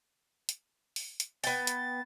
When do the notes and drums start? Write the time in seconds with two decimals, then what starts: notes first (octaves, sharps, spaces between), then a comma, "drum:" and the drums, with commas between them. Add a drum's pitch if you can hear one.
0.49 drum: hi-hat
0.96 drum: open hi-hat
1.20 drum: hi-hat
1.44 B3 G5 A6, drum: open hi-hat
1.67 drum: hi-hat